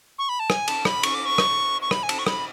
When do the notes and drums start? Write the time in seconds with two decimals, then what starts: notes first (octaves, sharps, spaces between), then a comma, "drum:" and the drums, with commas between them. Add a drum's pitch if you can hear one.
0.18 C#6
0.29 B5
0.39 A5
0.50 G#5, drum: rim click
0.68 A5, drum: cymbal
0.85 B5, drum: rim click
1.03 C#6, drum: cymbal
1.14 D6
1.26 C#6
1.38 drum: rim click
1.81 C#6
1.91 B5, drum: rim click
2.03 G#5
2.09 A5, drum: cymbal
2.19 C#6
2.27 B5, drum: rim click